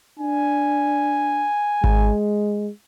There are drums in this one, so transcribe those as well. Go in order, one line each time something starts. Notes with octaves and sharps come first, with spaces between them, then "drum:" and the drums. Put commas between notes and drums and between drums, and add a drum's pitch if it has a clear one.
D4 G#5
G#3, drum: kick G#1